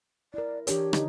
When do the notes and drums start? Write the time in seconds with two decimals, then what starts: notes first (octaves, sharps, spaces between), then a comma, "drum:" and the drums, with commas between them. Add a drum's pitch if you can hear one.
0.34 E4 A#4 D5
0.67 E3 D4 G4 C#5, drum: hi-hat
0.93 D3 D#3 D#4, drum: rim click